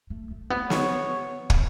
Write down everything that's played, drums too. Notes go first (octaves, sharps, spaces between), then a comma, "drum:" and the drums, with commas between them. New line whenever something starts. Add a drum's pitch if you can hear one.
A3
A3
B3
C#5, drum: snare
drum: kick